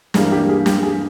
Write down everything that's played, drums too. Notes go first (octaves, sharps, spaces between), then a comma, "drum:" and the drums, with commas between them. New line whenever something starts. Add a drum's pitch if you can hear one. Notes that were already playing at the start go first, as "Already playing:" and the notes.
G2 E3 G3 A#3 G#4, drum: snare
G4
G#4
G4, drum: snare
G#4